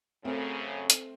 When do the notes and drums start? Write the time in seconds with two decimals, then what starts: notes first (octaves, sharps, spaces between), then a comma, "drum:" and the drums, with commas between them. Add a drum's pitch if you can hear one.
0.25 F#2 C#3 A3 C4
0.90 drum: hi-hat